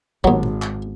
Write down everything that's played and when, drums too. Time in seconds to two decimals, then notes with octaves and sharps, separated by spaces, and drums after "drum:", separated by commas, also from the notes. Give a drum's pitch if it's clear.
0.24 G#1 D#2 F#3, drum: kick
0.43 drum: tom
0.62 drum: clap